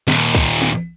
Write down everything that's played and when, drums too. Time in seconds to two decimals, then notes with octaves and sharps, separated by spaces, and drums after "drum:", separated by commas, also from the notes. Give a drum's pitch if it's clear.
0.08 D#2 A#2, drum: snare
0.35 drum: kick C2, tambourine
0.62 drum: snare